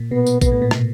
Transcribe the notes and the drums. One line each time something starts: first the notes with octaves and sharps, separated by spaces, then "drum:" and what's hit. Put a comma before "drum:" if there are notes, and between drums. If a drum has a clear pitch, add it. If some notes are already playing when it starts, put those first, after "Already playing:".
Already playing: A#2
B2 B3
drum: tambourine
B2 B3, drum: kick A#1, tambourine
A2
A#2
B2, drum: rim click